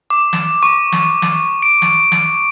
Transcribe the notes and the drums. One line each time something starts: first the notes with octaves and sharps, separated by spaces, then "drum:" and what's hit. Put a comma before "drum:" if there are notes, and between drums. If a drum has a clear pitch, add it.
D6
drum: snare
C#6
drum: snare
drum: snare
D7
drum: snare
drum: snare